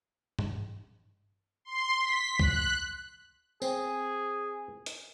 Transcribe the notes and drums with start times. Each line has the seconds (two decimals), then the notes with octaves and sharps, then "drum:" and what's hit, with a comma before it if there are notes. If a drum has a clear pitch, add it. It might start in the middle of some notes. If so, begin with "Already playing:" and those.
0.39 drum: tom G2
1.65 C6
1.99 B6
2.39 F#6, drum: kick C2
3.62 C4 G#4, drum: tambourine
4.86 drum: hi-hat